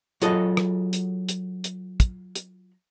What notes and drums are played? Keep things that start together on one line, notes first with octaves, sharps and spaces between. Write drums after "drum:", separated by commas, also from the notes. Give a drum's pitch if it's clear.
F#3 F4 F#4 G#4 A4 D#5, drum: hi-hat
drum: rim click
drum: hi-hat
drum: hi-hat
drum: hi-hat
drum: kick, hi-hat
drum: hi-hat